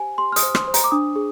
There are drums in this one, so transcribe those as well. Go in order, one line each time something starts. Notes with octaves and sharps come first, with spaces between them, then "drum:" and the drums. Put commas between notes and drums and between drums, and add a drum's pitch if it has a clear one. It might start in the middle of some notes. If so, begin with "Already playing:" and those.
Already playing: G4 C5 G#5
G4 C6
F6
D#6, drum: hi-hat
C5
C6, drum: rim click
C5
A#5, drum: hi-hat
D6
D4 D#6
G#4